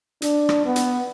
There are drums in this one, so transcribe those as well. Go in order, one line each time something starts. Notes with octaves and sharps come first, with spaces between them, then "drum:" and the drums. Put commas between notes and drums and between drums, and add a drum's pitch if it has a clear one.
D4, drum: hi-hat
drum: rim click
B3
drum: hi-hat